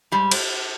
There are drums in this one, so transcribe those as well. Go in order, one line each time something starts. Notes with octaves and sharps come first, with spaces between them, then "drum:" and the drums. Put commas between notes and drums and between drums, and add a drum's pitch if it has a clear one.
G#2 G3
drum: cymbal